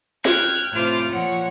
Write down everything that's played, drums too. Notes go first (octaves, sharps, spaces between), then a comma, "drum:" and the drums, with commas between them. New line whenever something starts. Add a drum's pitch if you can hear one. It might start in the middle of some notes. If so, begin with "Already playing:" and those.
G5 F6 F#6 G#6, drum: snare
drum: open hi-hat
A2 C3 F4 C5 D6 F6
A#2 F3 C#5 F#5